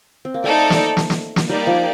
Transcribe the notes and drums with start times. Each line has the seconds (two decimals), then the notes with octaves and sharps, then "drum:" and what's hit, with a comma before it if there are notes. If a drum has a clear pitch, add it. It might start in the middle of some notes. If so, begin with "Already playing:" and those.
0.25 C4
0.34 A#3
0.44 A3 D#4 A4 D5
0.70 drum: snare
0.97 drum: snare
1.10 drum: snare
1.36 drum: snare
1.49 G3 A#3 D#4 G4 D5
1.67 F3